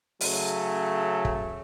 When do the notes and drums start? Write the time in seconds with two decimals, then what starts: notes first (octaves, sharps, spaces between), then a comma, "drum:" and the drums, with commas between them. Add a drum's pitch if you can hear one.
0.21 C#3 F#3 A3, drum: open hi-hat
1.25 drum: kick